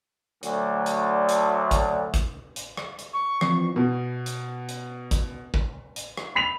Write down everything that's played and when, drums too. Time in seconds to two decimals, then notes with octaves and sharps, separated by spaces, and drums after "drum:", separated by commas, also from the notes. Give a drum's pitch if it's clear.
0.43 D2 D3 F#3 A3 D4, drum: hi-hat
0.86 drum: hi-hat
1.29 drum: hi-hat
1.71 drum: kick, hi-hat
2.14 drum: kick, hi-hat
2.56 drum: hi-hat
2.77 drum: rim click
2.99 drum: hi-hat
3.13 C#6
3.41 E3 F3 C4, drum: rim click
3.76 B2
4.26 drum: hi-hat
4.69 drum: hi-hat
5.11 drum: kick, hi-hat
5.54 drum: kick
5.96 drum: hi-hat
6.17 drum: rim click
6.35 B5 B6 F7